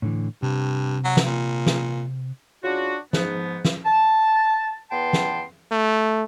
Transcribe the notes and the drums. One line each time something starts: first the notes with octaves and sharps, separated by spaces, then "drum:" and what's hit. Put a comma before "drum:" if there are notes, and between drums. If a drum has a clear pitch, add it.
A2 D3 E3
G2 C3
F#3
drum: snare
A#2
drum: snare
C#3 D4 F4 F#4
G#2 F3 B3, drum: snare
drum: snare
A5
E2 B3 G5 A5 C6
drum: snare
A3